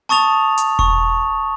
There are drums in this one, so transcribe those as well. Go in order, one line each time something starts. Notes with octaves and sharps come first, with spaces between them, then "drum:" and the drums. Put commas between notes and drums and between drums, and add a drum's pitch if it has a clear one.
A5 C#6 D#6 A6 F7
drum: hi-hat
C#6, drum: kick E1